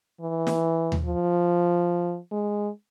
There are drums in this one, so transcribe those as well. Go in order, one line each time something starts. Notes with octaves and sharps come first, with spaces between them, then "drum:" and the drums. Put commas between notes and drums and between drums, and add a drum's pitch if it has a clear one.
E3
drum: snare
drum: tom D#2
F3
G#3